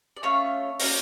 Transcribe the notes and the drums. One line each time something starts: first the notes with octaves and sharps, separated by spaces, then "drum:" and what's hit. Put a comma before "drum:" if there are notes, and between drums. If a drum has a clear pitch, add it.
D5
A3 C#4 F4 C#5
A#3 C#4 F#4, drum: open hi-hat